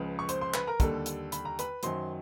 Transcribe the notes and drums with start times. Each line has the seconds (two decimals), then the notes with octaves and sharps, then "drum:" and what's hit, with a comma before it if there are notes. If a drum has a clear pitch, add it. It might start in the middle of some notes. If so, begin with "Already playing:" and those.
Already playing: C#2 C#3 F3 B4
0.19 C#6
0.29 C5 C6, drum: hi-hat
0.41 C5 C6
0.54 B4 B5, drum: clap
0.67 A#4 A#5
0.80 D#2 D3 G3 A4 A5, drum: kick, hi-hat
1.06 drum: hi-hat
1.32 B5, drum: hi-hat
1.45 A#5
1.59 B4 B5, drum: hi-hat
1.83 F#2 D#3 F#3 C5 C6, drum: hi-hat